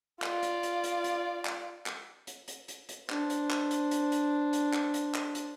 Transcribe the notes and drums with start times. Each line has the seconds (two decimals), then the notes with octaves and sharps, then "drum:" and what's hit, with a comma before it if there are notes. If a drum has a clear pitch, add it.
0.22 F4 D5, drum: clap
0.43 drum: hi-hat
0.63 drum: hi-hat
0.84 drum: hi-hat
1.04 drum: hi-hat
1.45 drum: clap
1.86 drum: clap
2.27 drum: hi-hat
2.48 drum: hi-hat
2.68 drum: hi-hat
2.89 drum: hi-hat
3.10 D4 C5, drum: clap
3.30 drum: hi-hat
3.50 drum: clap
3.71 drum: hi-hat
3.91 drum: hi-hat
4.12 drum: hi-hat
4.53 drum: hi-hat
4.73 drum: clap
4.94 drum: hi-hat
5.14 drum: clap
5.35 drum: hi-hat